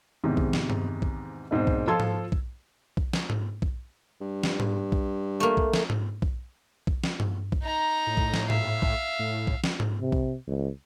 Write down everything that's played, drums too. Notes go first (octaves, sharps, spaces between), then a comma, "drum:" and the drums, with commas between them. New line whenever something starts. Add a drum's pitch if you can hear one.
E2 G#2 C3 D#3
drum: kick
drum: snare
drum: tom G2
drum: kick
E1 G#2 C4 C5
drum: kick
F3 F4 A4 C6 E6 G#6
drum: tom G#2
drum: kick
drum: kick
drum: snare
drum: tom G#2
drum: kick
G2
drum: snare
drum: tom G#2
drum: kick
A3 A#3
drum: kick
drum: snare
drum: tom G#2
drum: kick
drum: kick
drum: snare
drum: tom G2
drum: kick
D#4 A#5
A2
drum: kick
drum: snare
E5 F5, drum: tom G#2
drum: kick
A2
drum: kick
drum: snare
drum: tom G#2
C3
drum: kick
C#2